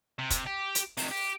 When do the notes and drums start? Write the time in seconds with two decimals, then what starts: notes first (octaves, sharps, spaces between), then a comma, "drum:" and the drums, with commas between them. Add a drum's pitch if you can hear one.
0.19 C3
0.30 drum: kick, hi-hat
0.46 G4
0.75 drum: hi-hat
0.97 F2 C3, drum: open hi-hat
1.11 G4